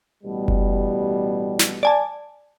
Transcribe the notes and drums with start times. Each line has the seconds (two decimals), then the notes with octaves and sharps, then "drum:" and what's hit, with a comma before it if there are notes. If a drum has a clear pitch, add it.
0.23 A1 B2 G3
0.48 drum: kick F#1
1.59 drum: snare
1.83 D5 G#5 A5